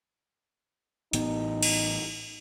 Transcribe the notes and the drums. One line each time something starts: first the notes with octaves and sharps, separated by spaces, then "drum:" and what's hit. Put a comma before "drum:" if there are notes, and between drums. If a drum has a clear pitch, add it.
A1 A2 B3 D#4, drum: hi-hat
drum: cymbal